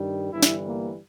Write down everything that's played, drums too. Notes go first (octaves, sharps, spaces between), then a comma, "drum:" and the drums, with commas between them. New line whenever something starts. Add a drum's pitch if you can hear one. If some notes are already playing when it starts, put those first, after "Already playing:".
Already playing: G2 D#3 G3
G1 G2 E3 G3 E4
drum: snare
A#3